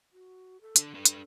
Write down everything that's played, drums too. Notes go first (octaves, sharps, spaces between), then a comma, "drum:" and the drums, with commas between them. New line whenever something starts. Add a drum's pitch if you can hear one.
F#4
A4
D3 D4, drum: hi-hat
D4 A4 B4
drum: hi-hat